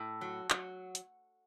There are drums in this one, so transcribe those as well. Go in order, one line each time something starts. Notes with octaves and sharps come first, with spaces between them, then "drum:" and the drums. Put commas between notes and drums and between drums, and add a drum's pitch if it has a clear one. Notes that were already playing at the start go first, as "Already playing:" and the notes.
Already playing: A2
F#3
F#3, drum: clap
drum: hi-hat